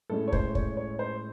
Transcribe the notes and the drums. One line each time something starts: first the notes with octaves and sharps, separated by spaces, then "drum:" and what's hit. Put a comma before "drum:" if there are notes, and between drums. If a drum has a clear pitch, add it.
A2 G#3 C#4 A4
C#5
C5, drum: kick
C#5, drum: kick
C#5
C5